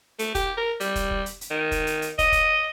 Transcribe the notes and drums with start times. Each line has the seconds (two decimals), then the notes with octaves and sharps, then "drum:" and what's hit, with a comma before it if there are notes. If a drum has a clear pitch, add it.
0.19 A3, drum: hi-hat
0.35 G4, drum: kick, hi-hat
0.57 A#4
0.80 G3, drum: hi-hat
0.95 drum: kick, hi-hat
1.11 drum: kick
1.26 drum: hi-hat
1.41 drum: hi-hat
1.50 D#3
1.71 drum: kick, hi-hat
1.87 drum: hi-hat
2.02 drum: hi-hat
2.19 D#5, drum: kick, hi-hat
2.32 drum: kick, hi-hat